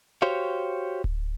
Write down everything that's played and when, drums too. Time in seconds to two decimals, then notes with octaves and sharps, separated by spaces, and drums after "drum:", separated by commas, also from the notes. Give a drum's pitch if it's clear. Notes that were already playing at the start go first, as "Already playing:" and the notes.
0.22 F#4 G4 C5 C#5 F5
1.04 drum: kick D1